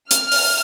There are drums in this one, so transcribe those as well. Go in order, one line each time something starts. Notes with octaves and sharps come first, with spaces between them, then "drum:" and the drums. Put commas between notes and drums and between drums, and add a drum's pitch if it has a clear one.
F6, drum: hi-hat
drum: open hi-hat